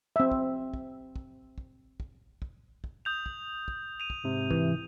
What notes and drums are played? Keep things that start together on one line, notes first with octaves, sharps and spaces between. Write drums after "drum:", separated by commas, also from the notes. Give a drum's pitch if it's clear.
C4 E5
drum: kick
drum: kick
drum: kick
drum: kick
drum: kick
drum: kick
drum: kick
D#6 G6 F7
drum: kick
drum: kick
D#7 F7
drum: kick
G#2 C3
E3, drum: kick